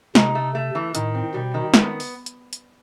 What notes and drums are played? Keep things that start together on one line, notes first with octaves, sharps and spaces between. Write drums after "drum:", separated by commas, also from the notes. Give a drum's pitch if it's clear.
C3 D#4, drum: snare
A3
A3
E3
A2 D#3, drum: hi-hat
C4
B2 G3
D#3
B3, drum: snare
drum: open hi-hat
drum: hi-hat
drum: hi-hat